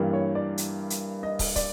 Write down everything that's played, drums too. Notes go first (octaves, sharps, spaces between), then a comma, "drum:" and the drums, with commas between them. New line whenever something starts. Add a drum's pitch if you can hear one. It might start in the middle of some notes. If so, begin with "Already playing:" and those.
Already playing: G2 E3 G3 A#3
C#5
D5
drum: hi-hat
drum: hi-hat
D#5
drum: kick, open hi-hat
D5, drum: kick, hi-hat